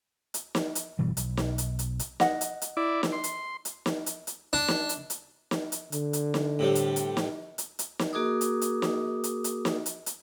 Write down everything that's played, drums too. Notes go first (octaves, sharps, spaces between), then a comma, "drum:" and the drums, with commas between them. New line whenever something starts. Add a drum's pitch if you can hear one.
drum: hi-hat
drum: snare
drum: hi-hat
G1 B2 E3 G3
B1, drum: hi-hat
drum: snare
drum: hi-hat
drum: hi-hat
drum: hi-hat
D#5 F#5, drum: snare
drum: hi-hat
drum: hi-hat
E4 D5
drum: snare
C6
drum: hi-hat
drum: hi-hat
drum: snare
drum: hi-hat
drum: hi-hat
D4
drum: snare
drum: hi-hat
drum: hi-hat
drum: snare
drum: hi-hat
D3, drum: hi-hat
drum: hi-hat
drum: snare
A2 C3 G3
drum: hi-hat
drum: hi-hat
drum: snare
drum: hi-hat
drum: hi-hat
drum: snare
A#3 F#4 G#4 A#4 D6 D#6
drum: hi-hat
drum: hi-hat
drum: snare
drum: hi-hat
drum: hi-hat
drum: snare
drum: hi-hat
drum: hi-hat